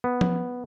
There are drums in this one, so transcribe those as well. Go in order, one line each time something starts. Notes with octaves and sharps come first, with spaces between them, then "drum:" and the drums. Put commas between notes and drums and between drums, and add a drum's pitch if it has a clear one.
B3
drum: tom F3